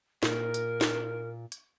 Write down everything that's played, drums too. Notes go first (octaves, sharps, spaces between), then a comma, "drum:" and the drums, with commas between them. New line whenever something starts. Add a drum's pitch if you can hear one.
A#2 A#4, drum: snare
drum: hi-hat
drum: snare
drum: hi-hat